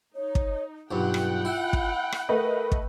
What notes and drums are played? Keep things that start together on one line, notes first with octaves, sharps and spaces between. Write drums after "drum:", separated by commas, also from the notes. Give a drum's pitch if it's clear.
D#4 C#5
drum: kick
B1 G2 F4 F#5 G5
drum: rim click
E4
drum: kick
drum: rim click
A3 A#4 B4 D#5
drum: kick